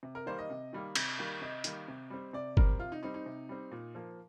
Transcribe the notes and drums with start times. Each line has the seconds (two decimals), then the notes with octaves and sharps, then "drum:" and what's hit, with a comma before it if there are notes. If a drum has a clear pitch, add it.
0.03 C3
0.15 A#4
0.26 D#3 G3 A#3 C5
0.39 D#5
0.50 C3
0.73 D#3 G3 A#3
0.95 C3, drum: cymbal
1.18 D#3 G3 A#3
1.41 C3 D#5
1.64 D#3 G3 A#3, drum: hi-hat
1.88 C3
2.10 G3 C4
2.33 C3 D5
2.57 G3 C4 A#4, drum: kick G1
2.79 C3 F4
2.92 D#4
3.03 G3 C4 D#4
3.14 D#4
3.26 C3
3.49 G3 C4
3.72 A#2
3.95 F3 A#3